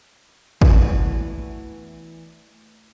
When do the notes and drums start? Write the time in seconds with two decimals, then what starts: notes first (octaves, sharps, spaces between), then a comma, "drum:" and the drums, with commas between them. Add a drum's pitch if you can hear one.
0.61 E3 A3 B3 D4 F#4, drum: kick